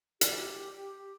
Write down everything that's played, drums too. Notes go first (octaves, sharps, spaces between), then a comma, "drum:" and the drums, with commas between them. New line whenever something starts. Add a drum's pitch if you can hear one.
G4, drum: hi-hat